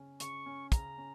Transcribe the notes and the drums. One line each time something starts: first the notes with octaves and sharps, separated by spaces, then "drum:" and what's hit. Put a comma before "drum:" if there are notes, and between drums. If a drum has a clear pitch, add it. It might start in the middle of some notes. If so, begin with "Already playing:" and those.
Already playing: C#3 C#4
C#3 C#6, drum: hi-hat
C#4
C#3 A#5, drum: kick, hi-hat
C#4